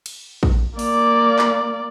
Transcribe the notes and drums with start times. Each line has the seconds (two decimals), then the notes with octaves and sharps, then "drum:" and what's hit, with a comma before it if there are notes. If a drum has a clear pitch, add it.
0.06 drum: cymbal
0.43 drum: kick
0.79 A#3 D5, drum: open hi-hat
1.39 drum: clap